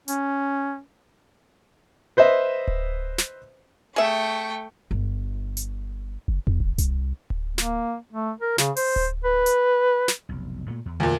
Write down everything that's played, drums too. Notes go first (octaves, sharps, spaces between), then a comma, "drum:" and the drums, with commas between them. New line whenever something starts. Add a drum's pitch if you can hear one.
C#4, drum: hi-hat
B4 C5 D#5 E5
drum: kick D1
drum: snare
A3 G#4 E5 G5 C#6
G1
drum: hi-hat
F#1
E2, drum: kick D1
F#1
C2, drum: hi-hat
drum: kick D1
A#3, drum: snare
A3
A#4
C#3, drum: snare
C5, drum: open hi-hat
drum: kick D1
B4
drum: hi-hat
drum: snare
F1 B1
A#2 A3
E2
D2 A#2